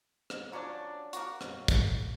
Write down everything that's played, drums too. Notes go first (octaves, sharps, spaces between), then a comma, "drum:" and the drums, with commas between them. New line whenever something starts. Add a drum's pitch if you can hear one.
drum: rim click
F3 F#3 C#4 D4
A#3 F#4, drum: hi-hat
drum: rim click
drum: kick, hi-hat